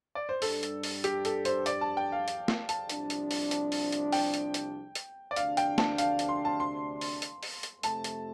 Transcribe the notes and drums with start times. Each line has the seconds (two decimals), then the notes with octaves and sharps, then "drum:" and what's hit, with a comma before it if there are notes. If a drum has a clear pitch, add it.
0.15 D5
0.29 C5
0.42 G2 G3 D4 A4, drum: open hi-hat
0.63 drum: hi-hat
0.83 drum: open hi-hat
1.04 G4, drum: hi-hat
1.25 A4, drum: hi-hat
1.45 C5, drum: hi-hat
1.66 D5, drum: hi-hat
1.81 A5
1.97 G5
2.12 F5
2.28 drum: hi-hat
2.48 drum: snare
2.69 A5, drum: hi-hat
2.89 C2 C3 F3 D4, drum: hi-hat
3.10 drum: hi-hat
3.31 drum: open hi-hat
3.51 drum: hi-hat
3.72 drum: open hi-hat
3.92 drum: hi-hat
4.12 G5, drum: open hi-hat
4.34 drum: hi-hat
4.54 drum: hi-hat
4.95 drum: hi-hat
5.31 D5
5.36 D2 C3 A3 D4 F5, drum: hi-hat
5.57 G5, drum: hi-hat
5.78 A5, drum: snare
5.98 F5, drum: hi-hat
6.19 drum: hi-hat
6.29 C6
6.45 A5
6.60 C6
7.01 drum: open hi-hat
7.22 drum: hi-hat
7.43 drum: open hi-hat
7.63 drum: hi-hat
7.83 F2 C3 A3 A5, drum: hi-hat
8.04 drum: hi-hat